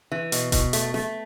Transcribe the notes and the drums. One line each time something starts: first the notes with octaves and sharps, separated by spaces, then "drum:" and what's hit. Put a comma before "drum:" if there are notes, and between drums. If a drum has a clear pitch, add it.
E3
B2, drum: hi-hat
B2, drum: kick E1, hi-hat
A3, drum: hi-hat
A3, drum: snare